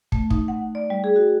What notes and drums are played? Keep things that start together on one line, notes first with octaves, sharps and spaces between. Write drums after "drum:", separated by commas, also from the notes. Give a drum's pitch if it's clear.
A3, drum: kick
D#4, drum: kick
F#5
D5
G3
G#4
F#4